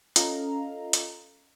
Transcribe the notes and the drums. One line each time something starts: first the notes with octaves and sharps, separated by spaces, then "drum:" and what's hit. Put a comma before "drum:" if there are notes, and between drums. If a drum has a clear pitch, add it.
C#4 F4 A4 D#5 F5 A#5, drum: hi-hat
drum: hi-hat